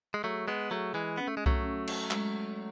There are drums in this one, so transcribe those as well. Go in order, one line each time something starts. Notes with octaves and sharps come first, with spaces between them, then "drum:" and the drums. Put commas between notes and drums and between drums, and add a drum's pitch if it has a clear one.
G#3
F#3 A3 G#4
G#3 B3
F#3 A3 G#4
E3 G#3
B3 C#4
A3
G#3
F#3 A3, drum: kick C2
C#4
drum: cymbal
G#3, drum: clap